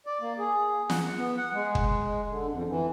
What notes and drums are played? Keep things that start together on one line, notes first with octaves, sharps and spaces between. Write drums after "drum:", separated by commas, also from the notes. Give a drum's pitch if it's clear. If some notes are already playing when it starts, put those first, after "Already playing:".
D5
A#3
G#4
F#5, drum: snare
B3
F#5
G#3
drum: kick
D3
F2
E3